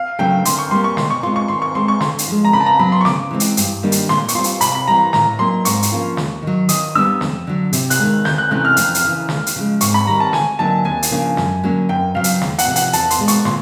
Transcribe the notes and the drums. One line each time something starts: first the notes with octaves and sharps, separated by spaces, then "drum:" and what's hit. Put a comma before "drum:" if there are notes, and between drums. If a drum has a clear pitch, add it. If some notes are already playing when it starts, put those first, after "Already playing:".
Already playing: F5
C#3 F#3 A3 D4 G5
D3 C6, drum: hi-hat
C#6
G3 A#3 C6
C#6
B2 C6, drum: snare
C#6
G#3 C4 F4 C6
C#6
D#3 C6
C#6
G#3 C4 C6
C#6
D3 C6, drum: snare
drum: hi-hat
F3 G#3
A#5
C#3 B5
A5
A#5
F#3 B3 B5
C6
C#6
C#3 D6, drum: snare
E3 G#3 C4
drum: hi-hat
G2, drum: hi-hat
D#3 G3 A#3 D4
drum: hi-hat
A#2 C6, drum: snare
C#6, drum: hi-hat
G3 C4 F4 C6
drum: hi-hat
C3 B5, drum: hi-hat
B5
E3 G3 A#5
A2 A#5, drum: snare
F#3 A#3 D#4 C6
G#2 C#6, drum: hi-hat
drum: hi-hat
F3 A#3 C#4 F4
D#2, drum: snare
D#3 F#3
D#3 D#6, drum: hi-hat
G3 B3 D4 E6
F2, drum: snare
D3 F#3
C3, drum: hi-hat
F#6, drum: hi-hat
D#3 G#3
D2 G6, drum: snare
F#6
C3 E3 A3 C#4 F#6
F6
F2, drum: hi-hat
drum: hi-hat
C#3 E3
D#2, drum: snare
drum: hi-hat
C#3 F3 G#3
G#2 C#6, drum: hi-hat
B5
D#3 G3 A#5
A5
D2 G#5, drum: snare
D3 F#3 A#3 D#4 A5
D#2 G#5
drum: hi-hat
C#3 F3 A#3 D4
F#2, drum: snare
D3 F#3 A#3 C#4
F#2 G5
C#3 F#3 F5
drum: hi-hat
E2, drum: snare
F#5, drum: hi-hat
C3 F3
F#5, drum: hi-hat
E2 A5, drum: hi-hat
C6, drum: hi-hat
B2 G#3
C#6, drum: hi-hat
A#2 C6, drum: snare